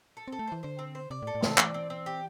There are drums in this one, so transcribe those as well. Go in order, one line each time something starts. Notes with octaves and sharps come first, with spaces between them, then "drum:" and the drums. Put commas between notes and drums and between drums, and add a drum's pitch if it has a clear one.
A4
C4 A4
A3
E3 C5
D3 C5
C4
C5
C3 D5
A2
A4
A2
C3 C4, drum: snare
E3 D5, drum: clap
C4
C4
G4